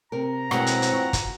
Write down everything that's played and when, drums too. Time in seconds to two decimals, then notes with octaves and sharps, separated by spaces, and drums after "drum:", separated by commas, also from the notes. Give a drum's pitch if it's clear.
0.12 C3 A#4 A#5
0.51 B2 E3 F#3 G#3 A#3 C4 F#5, drum: rim click
0.67 drum: hi-hat
0.82 drum: hi-hat
0.93 F4 F#4
1.13 drum: kick, hi-hat